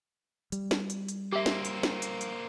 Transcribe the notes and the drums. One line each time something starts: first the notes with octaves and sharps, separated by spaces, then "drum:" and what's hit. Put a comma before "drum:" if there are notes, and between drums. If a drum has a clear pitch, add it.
G3, drum: hi-hat
drum: snare
drum: hi-hat
drum: hi-hat
A#3 C4 G4 E5
drum: snare
drum: hi-hat
drum: snare
drum: hi-hat
drum: hi-hat